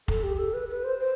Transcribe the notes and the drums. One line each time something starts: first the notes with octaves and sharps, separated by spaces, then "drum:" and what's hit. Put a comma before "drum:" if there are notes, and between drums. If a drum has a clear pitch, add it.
A4, drum: kick F1
G4
A4
B4
B4
C5
C5